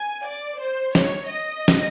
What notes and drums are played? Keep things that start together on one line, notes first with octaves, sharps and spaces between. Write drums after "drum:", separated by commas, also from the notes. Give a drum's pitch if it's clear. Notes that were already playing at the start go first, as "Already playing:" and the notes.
Already playing: G#5
D5
C5
C#5, drum: snare
D#5
drum: snare